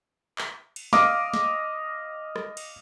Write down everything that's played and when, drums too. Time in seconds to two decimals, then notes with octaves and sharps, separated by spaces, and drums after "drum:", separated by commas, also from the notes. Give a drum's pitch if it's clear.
0.38 drum: clap
0.76 drum: cymbal
0.93 D#5 F5 D6, drum: snare
1.34 drum: snare
2.36 drum: rim click
2.57 drum: cymbal